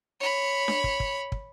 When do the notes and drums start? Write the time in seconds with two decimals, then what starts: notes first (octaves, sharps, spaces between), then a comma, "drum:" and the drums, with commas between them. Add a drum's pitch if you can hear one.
0.20 C#5 B5
0.68 drum: snare D4
0.84 drum: kick
1.00 drum: kick
1.32 drum: kick